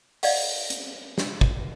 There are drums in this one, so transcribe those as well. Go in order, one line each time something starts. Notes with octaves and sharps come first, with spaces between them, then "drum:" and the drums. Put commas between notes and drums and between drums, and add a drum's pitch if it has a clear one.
D5 D#5 F5 F#5, drum: open hi-hat
drum: hi-hat
drum: snare
drum: kick